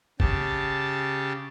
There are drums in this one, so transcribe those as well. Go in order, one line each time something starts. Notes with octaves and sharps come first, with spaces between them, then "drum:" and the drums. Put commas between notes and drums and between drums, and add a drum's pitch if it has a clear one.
C#3 G4 A5, drum: kick